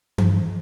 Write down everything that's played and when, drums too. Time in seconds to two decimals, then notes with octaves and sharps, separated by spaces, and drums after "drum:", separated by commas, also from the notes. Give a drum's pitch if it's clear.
0.18 G2, drum: tom E3